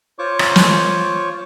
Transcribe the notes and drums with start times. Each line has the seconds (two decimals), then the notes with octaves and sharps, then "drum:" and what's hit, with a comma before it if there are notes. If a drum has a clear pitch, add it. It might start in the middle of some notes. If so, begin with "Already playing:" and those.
0.19 F4 C5 C#5 C#6 D6
0.39 drum: rim click
0.56 drum: snare